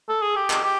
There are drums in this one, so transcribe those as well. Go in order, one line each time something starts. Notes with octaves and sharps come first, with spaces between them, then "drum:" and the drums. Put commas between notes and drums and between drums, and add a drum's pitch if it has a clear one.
A4
G#4
G4
drum: clap
G4